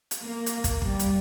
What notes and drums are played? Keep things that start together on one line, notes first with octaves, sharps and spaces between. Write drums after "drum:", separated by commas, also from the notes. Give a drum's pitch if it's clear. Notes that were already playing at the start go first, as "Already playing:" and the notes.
drum: hi-hat
A#3
drum: hi-hat
drum: kick, hi-hat
G3, drum: kick
drum: hi-hat